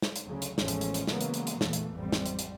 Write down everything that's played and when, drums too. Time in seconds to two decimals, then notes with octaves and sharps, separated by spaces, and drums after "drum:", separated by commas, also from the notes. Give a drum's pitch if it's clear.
0.02 drum: snare
0.16 drum: hi-hat
0.25 D2 C#3 F#3
0.42 drum: hi-hat
0.58 A1 E2 F3 G#3 A3 C#4, drum: snare
0.68 drum: hi-hat
0.81 drum: hi-hat
0.94 drum: hi-hat
1.07 C#3 E3 F#3 G#3 A#3 B3, drum: snare
1.21 drum: hi-hat
1.34 drum: hi-hat
1.47 drum: hi-hat
1.61 E2 A#2 E3 A3, drum: snare
1.73 drum: hi-hat
1.96 A1 F2 G3 C4
2.12 drum: snare
2.26 drum: hi-hat
2.39 drum: hi-hat